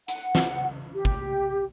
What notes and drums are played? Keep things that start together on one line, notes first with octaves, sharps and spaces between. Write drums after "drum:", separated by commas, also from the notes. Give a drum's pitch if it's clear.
F#5, drum: hi-hat
drum: snare
G4
drum: kick